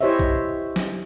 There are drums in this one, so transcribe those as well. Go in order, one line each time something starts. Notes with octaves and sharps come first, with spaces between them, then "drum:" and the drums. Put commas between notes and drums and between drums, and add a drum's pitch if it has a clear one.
E4 G4 C5 C#5 D#5 E5
drum: kick
drum: snare